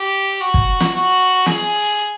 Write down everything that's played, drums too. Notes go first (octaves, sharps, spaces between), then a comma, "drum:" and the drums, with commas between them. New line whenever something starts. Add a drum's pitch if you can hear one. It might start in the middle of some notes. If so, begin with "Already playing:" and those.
Already playing: G4
F#4
drum: kick
drum: snare
F#4
G#4, drum: snare